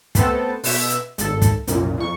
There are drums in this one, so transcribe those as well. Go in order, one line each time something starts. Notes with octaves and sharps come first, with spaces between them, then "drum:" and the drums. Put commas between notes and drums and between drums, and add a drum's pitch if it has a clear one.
A3 B3 C4 A4, drum: kick, hi-hat
B2 E5, drum: open hi-hat
drum: hi-hat
G#1 A4, drum: hi-hat
drum: kick, hi-hat
C2 F#2 A#2, drum: hi-hat
F2 C#6